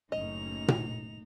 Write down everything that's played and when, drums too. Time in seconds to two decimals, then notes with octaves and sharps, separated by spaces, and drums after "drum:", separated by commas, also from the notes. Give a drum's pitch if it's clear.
0.12 F#1 A2 C#4 D#4 D#5 F7
0.68 drum: tom A#2